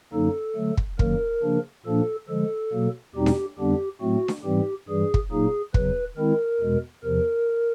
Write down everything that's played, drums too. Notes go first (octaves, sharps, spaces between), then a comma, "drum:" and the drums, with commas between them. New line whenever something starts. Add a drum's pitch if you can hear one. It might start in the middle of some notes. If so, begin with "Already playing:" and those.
F#2 D3 F#3 A#3 D#4 A4
D3 F#3 A3
drum: kick
F#2 D#3 F#3 A#3 A#4, drum: kick
C#3 F3 A#3 D4
A#2 F3 A#3 D4 A4
D3 F3 G#3 A4
B2 F#3 A#3
E2 B2 G3 C4 D#4 G4
drum: snare D4
F2 D3 G3 B3 D4 G4
A2 F#3 A3 C4 F#4
drum: snare D4
G#2 E3 G3 C4 G4
G2 E3 G3 G#4
drum: kick
A#2 F#3 A#3 D#4 G#4
E2 C#3 F#3 B4, drum: kick
D#3 G#3 C4 E4 A#4
E2 B2 G#3
E2 C3 F3 A#4